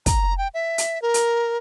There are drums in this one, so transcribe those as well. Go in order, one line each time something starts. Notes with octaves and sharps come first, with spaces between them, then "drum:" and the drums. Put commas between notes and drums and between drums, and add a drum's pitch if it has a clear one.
A#5, drum: kick, hi-hat
G5
E5
drum: hi-hat
A#4
drum: hi-hat